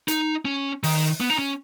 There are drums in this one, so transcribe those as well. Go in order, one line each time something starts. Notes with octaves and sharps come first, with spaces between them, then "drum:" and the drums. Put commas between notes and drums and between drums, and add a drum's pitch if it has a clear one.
D#4, drum: hi-hat
C#4
D#3, drum: open hi-hat
B3
D#4
C#4